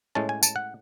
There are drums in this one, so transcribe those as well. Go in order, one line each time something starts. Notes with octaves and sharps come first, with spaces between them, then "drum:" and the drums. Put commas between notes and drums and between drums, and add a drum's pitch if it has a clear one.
A2 G#3 C#4 A5
G#5
A5, drum: tambourine
F#5